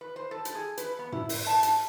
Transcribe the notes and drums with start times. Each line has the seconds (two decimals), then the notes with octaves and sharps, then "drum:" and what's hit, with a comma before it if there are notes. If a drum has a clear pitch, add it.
0.01 B4
0.16 C5
0.31 A4
0.45 drum: hi-hat
0.55 G#4
0.77 B4, drum: hi-hat
0.99 B3
1.12 E4, drum: tom
1.29 drum: open hi-hat
1.47 A5
1.63 drum: hi-hat